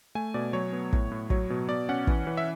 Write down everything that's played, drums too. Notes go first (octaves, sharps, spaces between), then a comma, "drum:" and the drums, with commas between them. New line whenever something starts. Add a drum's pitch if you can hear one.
A3 G#5
B2 D5
F#3 C#5
B3
A2, drum: kick
A2
F#3 C#5, drum: kick
B2
B2 D5
C#4 F#5
E3, drum: kick
E3
E5